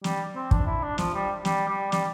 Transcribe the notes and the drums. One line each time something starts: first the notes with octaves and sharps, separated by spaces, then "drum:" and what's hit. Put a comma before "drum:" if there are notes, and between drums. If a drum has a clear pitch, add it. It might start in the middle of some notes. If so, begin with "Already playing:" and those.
G3, drum: snare
C4
D4, drum: kick
E4
D4
F3, drum: snare
G3
G3, drum: snare
G3
G3, drum: snare